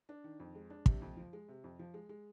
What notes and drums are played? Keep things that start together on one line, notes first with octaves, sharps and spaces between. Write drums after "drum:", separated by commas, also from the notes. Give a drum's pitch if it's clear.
D4
D#3
F2
G#3
D4
C3, drum: kick
F2
F3
G#3
C3
F2
F3
G#3
G#3